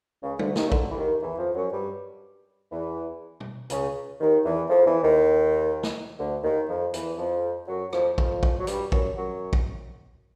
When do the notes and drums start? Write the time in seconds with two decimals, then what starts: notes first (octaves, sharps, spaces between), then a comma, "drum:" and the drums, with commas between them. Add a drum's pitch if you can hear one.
0.22 C#2 C#3
0.39 D2 D3, drum: tom G3
0.56 D#2 D#3, drum: snare
0.67 C#3
0.72 D2 D3, drum: kick
0.91 E3
0.96 D#2 D#3
1.22 E2 E3
1.38 F2 F3
1.55 F#2 F#3
1.71 G2 G3
2.71 E2 E3
3.40 drum: tom
3.70 C#2 C#3, drum: hi-hat
4.20 D#2 D#3
4.45 E2 E3
4.69 F2 F3
4.86 E2 E3
5.02 D#2 D#3
5.83 drum: snare
6.19 D2 D3
6.43 D#2 D#3
6.69 F2 F3
6.94 E2 E3, drum: hi-hat
7.18 F2 F3
7.68 F#2 F#3
7.93 F2 F3, drum: rim click
8.18 F2 F3, drum: kick
8.43 drum: kick
8.60 F#3
8.67 G2 G3, drum: hi-hat
8.92 F#2 F#3, drum: kick
9.16 F#2 F#3
9.53 drum: kick